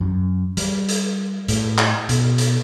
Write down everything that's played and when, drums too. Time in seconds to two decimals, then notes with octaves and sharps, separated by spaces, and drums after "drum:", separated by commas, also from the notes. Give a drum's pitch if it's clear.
0.01 F#2
0.57 G3, drum: hi-hat
0.89 drum: hi-hat
1.48 A2, drum: hi-hat
1.78 drum: clap
2.09 B2, drum: hi-hat
2.38 drum: hi-hat